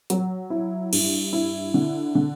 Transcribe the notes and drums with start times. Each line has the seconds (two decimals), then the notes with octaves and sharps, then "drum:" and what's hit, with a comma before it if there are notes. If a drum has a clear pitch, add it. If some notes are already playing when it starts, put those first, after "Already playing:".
0.10 F#3, drum: hi-hat
0.50 E4
0.93 G2, drum: cymbal
1.33 E4
1.74 D3
2.15 D3